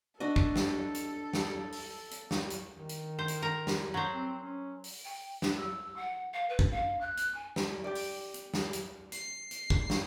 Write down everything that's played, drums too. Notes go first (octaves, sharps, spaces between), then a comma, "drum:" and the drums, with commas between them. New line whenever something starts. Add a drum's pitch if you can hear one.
D4 F#4 A4 D#5
drum: kick
drum: snare
drum: hi-hat
drum: snare
drum: open hi-hat
drum: hi-hat
drum: snare
drum: hi-hat
D#3
drum: hi-hat
C5
drum: hi-hat
A#4
drum: snare
F#3 C5
C4
C#4
drum: open hi-hat
G5
D4, drum: snare
E6
F#5
F5
B4
drum: kick
F5
F#6
drum: hi-hat
G#5
drum: snare
G4 D5
drum: open hi-hat
drum: hi-hat
drum: snare
drum: hi-hat
C7, drum: hi-hat
drum: hi-hat
drum: kick
drum: snare